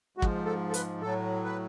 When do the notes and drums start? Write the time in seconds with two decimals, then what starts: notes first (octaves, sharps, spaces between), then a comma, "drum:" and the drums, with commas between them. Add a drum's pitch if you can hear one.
0.17 G#2 F#4
0.22 F3, drum: kick
0.46 A4
0.69 A4
0.74 B4, drum: hi-hat
1.01 A2 F#3 A4
1.45 B4